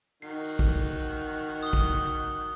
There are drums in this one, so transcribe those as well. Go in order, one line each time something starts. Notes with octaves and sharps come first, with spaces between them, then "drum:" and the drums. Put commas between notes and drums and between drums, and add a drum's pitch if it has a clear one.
D#3 F#4 C7
drum: open hi-hat
drum: kick
D#6 G7
drum: kick